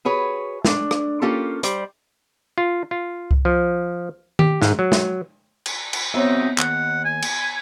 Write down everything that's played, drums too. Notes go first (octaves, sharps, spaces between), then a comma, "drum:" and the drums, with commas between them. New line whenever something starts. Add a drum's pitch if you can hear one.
F#4 G#4 B4 C#5
A3 D4, drum: snare
drum: rim click
A#3 C#4 F4 G4 A4
G3 C5 D5, drum: hi-hat
F4
F4
drum: kick C2
F3
G4, drum: tom D#3
G#2, drum: snare
F#3
drum: snare
drum: cymbal
drum: cymbal
B3 C4 D#4 F#4 C5 C#5 E5
D#2 F#5, drum: clap
G#5
drum: cymbal